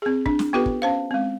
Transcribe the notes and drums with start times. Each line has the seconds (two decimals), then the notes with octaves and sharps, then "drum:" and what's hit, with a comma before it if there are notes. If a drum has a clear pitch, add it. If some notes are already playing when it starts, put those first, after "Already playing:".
0.02 C4 G#4
0.26 D4, drum: kick
0.39 drum: snare
0.53 B3 F4 G4 A4 B4
0.66 drum: kick
0.82 C#4 C5 F5
1.11 G#3 C4